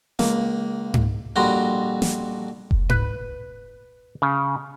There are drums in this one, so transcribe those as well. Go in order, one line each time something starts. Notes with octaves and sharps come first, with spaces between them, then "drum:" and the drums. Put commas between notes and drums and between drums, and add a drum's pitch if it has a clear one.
C#2 A#3, drum: snare
drum: tom G#2
A#1 F2 G3 F#4 A#5 C6
drum: snare
drum: kick F1
B4, drum: tom G#2
C#3